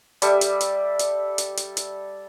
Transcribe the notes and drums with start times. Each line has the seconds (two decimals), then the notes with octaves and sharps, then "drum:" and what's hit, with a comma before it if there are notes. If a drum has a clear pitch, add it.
0.22 G3 A4 D5 E5, drum: hi-hat
0.41 drum: hi-hat
0.61 drum: hi-hat
0.99 drum: hi-hat
1.38 drum: hi-hat
1.57 drum: hi-hat
1.77 drum: hi-hat